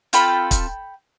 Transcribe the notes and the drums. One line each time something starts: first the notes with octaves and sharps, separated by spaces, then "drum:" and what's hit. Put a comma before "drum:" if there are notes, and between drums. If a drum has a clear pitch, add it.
C4 F4 A4 G5 B5, drum: hi-hat
drum: kick, hi-hat